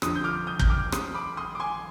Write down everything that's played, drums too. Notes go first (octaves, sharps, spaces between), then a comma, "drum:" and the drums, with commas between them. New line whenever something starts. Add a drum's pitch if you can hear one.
F2 D3 F3 C6 D#6, drum: rim click
G6
D6 F6
D#6 G6
G6, drum: kick
D6 F6
C6 D#6, drum: rim click
B5 D6
C6 D#6
D6
G#5 C6